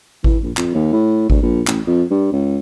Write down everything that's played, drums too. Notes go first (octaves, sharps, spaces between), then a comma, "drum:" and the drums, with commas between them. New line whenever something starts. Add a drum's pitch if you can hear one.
E3, drum: kick G#1
A#1
F2, drum: clap
D#2
A2
D2, drum: kick G#1
A#1
A1, drum: clap
F2
G2
C#2